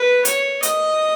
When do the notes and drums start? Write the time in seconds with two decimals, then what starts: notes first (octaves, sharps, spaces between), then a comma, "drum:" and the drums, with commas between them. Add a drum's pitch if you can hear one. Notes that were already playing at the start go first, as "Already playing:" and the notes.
Already playing: B4
0.25 C#5, drum: hi-hat
0.63 D#5, drum: hi-hat